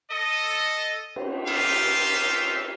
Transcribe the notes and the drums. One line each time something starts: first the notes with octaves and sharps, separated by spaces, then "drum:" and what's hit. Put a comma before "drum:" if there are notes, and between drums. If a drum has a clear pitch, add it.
A4 D#5
drum: cymbal
C#4 D#4 F4 G4 E5 F5, drum: cymbal